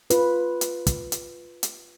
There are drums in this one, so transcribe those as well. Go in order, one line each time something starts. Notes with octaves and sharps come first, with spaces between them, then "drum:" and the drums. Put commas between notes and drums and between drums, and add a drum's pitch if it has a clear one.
F4 B4, drum: hi-hat
drum: hi-hat
drum: kick, hi-hat
drum: hi-hat
drum: hi-hat